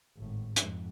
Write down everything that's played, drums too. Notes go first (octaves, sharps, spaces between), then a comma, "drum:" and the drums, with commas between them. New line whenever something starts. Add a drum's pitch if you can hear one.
G#1 A2
F2 G#2, drum: hi-hat